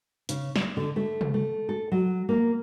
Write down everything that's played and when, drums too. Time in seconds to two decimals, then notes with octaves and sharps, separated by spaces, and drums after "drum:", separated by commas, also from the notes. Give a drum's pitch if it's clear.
0.29 C#3, drum: hi-hat
0.56 D5, drum: snare
0.77 D3
0.96 A3
1.21 drum: tom C3
1.34 A3
1.69 A4
1.92 F#3
2.29 A#3